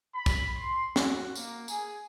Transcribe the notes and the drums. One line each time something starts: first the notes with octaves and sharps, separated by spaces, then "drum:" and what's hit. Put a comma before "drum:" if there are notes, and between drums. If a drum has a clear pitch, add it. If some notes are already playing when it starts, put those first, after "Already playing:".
B5
drum: kick, tambourine
C6
F#4, drum: snare
A#3, drum: tambourine
G#4, drum: tambourine